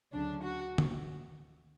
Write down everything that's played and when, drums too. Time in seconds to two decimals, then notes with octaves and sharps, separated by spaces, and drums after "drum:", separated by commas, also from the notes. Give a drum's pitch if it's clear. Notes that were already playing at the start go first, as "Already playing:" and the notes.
0.13 D2 C#3 F#3 D4
0.43 F#4
0.78 drum: tom